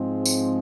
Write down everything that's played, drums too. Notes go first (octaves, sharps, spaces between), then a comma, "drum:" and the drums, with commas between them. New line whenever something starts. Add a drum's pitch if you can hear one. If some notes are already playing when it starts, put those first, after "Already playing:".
Already playing: G#2 F3 G#3 C4
drum: tambourine